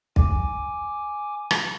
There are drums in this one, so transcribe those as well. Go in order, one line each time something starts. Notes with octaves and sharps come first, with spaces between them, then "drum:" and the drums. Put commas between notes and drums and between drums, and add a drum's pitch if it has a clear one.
G#5 D6, drum: kick
drum: rim click